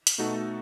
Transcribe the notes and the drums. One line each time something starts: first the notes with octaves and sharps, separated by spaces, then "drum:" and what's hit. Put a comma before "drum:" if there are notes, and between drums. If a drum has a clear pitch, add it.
drum: hi-hat
B2 A3 D#4 F#4 A4